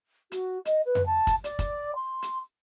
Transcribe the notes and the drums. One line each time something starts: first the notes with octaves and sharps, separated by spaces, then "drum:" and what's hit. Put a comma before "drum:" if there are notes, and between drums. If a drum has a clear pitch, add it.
F#4, drum: hi-hat
D#5, drum: hi-hat
B4
drum: tom F2
A5
drum: kick, hi-hat
D5, drum: hi-hat
drum: kick, hi-hat
C6
drum: hi-hat